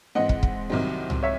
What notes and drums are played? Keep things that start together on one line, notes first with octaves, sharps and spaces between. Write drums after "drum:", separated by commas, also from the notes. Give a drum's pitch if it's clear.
G#2 E3 C4 D#5 F#5
drum: kick
drum: kick
C2 C3 D#3 F#3 C4
drum: tom C2
C#5 E5